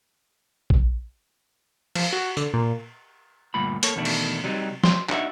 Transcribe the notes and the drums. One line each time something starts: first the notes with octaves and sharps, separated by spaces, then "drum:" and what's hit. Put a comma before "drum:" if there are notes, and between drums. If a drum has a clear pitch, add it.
drum: kick
F3, drum: cymbal
F#4
D3, drum: tambourine
A#2
D2 G2 A#2 B5
A#3 A4 C#5, drum: hi-hat
E2 B2 D#3 A3 D4
drum: cymbal
C3 F#3 G3 D#4
C6, drum: snare
D4 D#4 F#4 D#5 E5, drum: clap